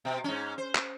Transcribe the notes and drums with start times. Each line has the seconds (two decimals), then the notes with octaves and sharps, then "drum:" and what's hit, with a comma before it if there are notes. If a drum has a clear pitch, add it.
0.05 B2
0.24 G#2 C#4
0.58 C5
0.75 drum: clap